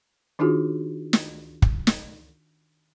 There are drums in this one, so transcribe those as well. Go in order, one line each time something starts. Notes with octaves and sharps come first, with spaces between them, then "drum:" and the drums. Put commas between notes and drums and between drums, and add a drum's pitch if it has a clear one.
D#3 D4 D#4 F4 F#4 G#4
drum: snare
drum: kick
drum: snare